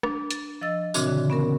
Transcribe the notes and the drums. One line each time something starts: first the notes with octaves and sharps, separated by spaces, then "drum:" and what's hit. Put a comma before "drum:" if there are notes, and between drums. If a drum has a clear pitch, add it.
D4, drum: rim click
A6, drum: hi-hat
F3 D#5 E6 A6
A#2 C#3 E3 C4 D4 F#4, drum: tambourine
D3
B3 C#4 A#4